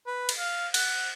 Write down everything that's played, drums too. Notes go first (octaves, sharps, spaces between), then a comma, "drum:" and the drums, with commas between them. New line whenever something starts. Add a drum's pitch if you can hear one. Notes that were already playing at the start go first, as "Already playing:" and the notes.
B4
drum: cymbal
F5
F#5, drum: cymbal